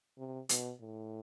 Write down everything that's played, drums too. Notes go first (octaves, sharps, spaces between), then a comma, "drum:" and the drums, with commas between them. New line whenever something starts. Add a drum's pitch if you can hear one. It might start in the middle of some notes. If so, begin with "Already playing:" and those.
C3
B2, drum: hi-hat
A2